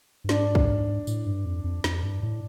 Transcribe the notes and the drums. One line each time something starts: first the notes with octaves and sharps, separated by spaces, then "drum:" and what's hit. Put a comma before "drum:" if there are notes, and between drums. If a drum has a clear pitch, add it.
G2
G#2 D4, drum: snare
drum: kick
A2, drum: tambourine
G2
F2
F2
F2, drum: snare
G2
A2